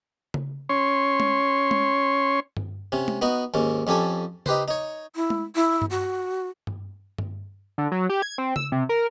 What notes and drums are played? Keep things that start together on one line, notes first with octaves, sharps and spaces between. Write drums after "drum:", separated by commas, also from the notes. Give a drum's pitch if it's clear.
drum: tom C#3
C#4 C#5 C6
drum: tom G#3
drum: tom G#3
drum: tom G2
C3 C#4
drum: tom G#3
B3 D#4 F#4
D#2 G#2 C#4
F2 C#4 G4 A4 G#5
D#4 G4 B4 C5, drum: tom C#3
D#4 C#5
E4
drum: tom G#3
E4
drum: tom G2
F#4
drum: tom G2
drum: tom G2
D3
F#3
G4
G#6
C4
E6, drum: tom C#3
C3
A#4